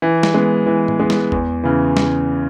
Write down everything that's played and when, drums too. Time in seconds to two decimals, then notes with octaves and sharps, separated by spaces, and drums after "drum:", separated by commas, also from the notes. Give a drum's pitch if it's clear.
0.02 E3
0.23 drum: snare
0.34 G#3 B3
0.66 E3
0.88 drum: tom A2
0.99 G#3 B3
1.10 drum: snare
1.32 E2, drum: kick
1.64 C#3 E3
1.97 drum: snare